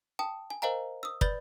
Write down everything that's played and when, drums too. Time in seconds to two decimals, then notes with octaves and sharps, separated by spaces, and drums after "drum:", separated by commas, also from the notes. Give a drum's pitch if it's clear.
0.19 G5 A5 D#6
0.50 G#5
0.62 A#4 C5 D#5 F5 G#5 A#5
1.03 D#6 E6
1.21 B4 D5 B5 G6 A6, drum: kick